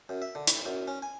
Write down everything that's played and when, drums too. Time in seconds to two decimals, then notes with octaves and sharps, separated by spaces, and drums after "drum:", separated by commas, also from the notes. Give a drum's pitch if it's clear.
0.09 F#2
0.22 E5
0.35 D3
0.47 B5, drum: hi-hat
0.65 F#2
0.88 C#4
1.02 G#5